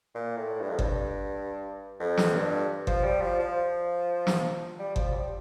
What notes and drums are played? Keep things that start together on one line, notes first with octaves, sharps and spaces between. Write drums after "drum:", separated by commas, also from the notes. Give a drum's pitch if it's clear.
A#2
A2
G2
F2
G2, drum: kick G1
F2
drum: snare
G2
F3, drum: kick G1
G3
F3
F3
drum: snare
G3
F3, drum: kick G1
G3